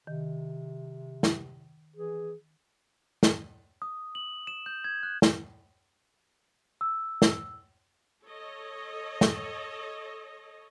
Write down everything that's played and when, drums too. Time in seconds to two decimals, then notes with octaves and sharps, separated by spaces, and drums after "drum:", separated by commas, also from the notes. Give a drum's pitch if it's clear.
0.07 C3 D#3
1.23 drum: snare
1.96 E3 G#4
3.23 drum: snare
3.82 D#6
4.15 F#7
4.47 E7
4.66 G6
4.84 G#6
5.03 F#6
5.22 drum: snare
6.81 E6
7.22 drum: snare
8.23 A4 C#5 D#5
9.21 drum: snare